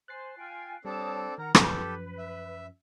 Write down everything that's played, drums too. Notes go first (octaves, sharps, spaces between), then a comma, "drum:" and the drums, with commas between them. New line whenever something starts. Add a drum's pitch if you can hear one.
C5 G#5 F#6 A6 C7
F4 G5 G#5
G3 C4 D4 A4 C#5 A5 D#6
D#3 A#4 F#5 A#5
F#2 F3 C#4 G4 A4 B4, drum: rim click
E5